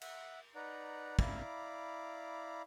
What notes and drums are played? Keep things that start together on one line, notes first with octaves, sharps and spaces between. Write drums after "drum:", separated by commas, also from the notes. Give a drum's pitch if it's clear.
E5 F#5, drum: cymbal
D#4 B4 D5 F#5 A#5
E4 D5 F5 A#5 B5 D6, drum: kick